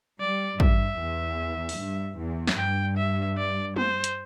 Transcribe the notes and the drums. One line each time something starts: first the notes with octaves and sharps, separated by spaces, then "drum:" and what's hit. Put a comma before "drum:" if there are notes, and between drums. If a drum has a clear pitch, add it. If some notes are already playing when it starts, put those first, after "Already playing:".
G3 D5
G2 E5, drum: kick
E2
drum: open hi-hat
G2
E2
drum: snare
G2 G5
E5
D5
C5, drum: tom
drum: hi-hat